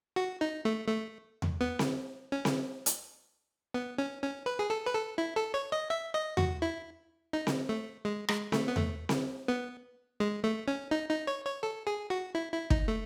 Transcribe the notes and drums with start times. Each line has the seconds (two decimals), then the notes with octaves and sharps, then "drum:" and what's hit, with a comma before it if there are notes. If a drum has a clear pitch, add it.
0.16 F#4
0.41 D#4
0.65 A3
0.89 A3
1.42 drum: tom E2
1.61 B3
1.79 drum: snare C4
2.32 C#4
2.45 drum: snare C4
2.86 drum: hi-hat
3.74 B3
3.98 C#4
4.23 C#4
4.46 B4
4.59 G#4
4.70 A4
4.86 B4
4.94 A4
5.18 E4
5.36 A4
5.54 C#5
5.72 D#5
5.90 E5
6.14 D#5
6.37 F#4, drum: tom E2
6.62 E4
7.33 D#4
7.47 drum: snare C4
7.69 A3
8.05 G#3
8.28 G#3, drum: rim click
8.52 A3, drum: snare C4
8.68 B3
8.76 A3, drum: tom E2
9.09 drum: snare C4
9.48 B3
10.20 G#3
10.44 A3
10.68 C#4
10.91 D#4
11.09 D#4
11.27 C#5
11.45 C#5
11.63 A4
11.87 G#4
12.10 F#4
12.35 E4
12.52 E4
12.70 D#4, drum: kick
12.88 A3